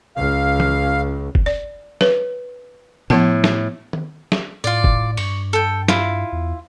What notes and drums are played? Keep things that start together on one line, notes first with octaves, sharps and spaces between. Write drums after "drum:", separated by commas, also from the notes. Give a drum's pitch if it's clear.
C#2 F5
drum: tom
drum: kick
D5
B4 C#5, drum: snare
A2 F3 B3 A5
drum: snare
drum: tom D#3
drum: snare
A2 F4 D5
drum: kick
G2 C#6, drum: open hi-hat
A4 G5
E4 F4, drum: snare
E2